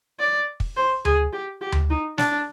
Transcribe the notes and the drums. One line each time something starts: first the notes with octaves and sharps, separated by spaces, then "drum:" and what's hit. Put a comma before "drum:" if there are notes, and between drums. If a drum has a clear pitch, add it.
D5
drum: kick
C5
G#4, drum: tom D2
G4
G4
drum: tom D2
D#4
D4, drum: snare